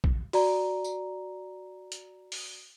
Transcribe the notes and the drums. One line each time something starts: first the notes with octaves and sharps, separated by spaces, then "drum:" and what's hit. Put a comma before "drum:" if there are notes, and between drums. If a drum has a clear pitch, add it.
drum: kick A#1
F#4 D5 A#5, drum: open hi-hat
drum: tambourine
drum: hi-hat
drum: open hi-hat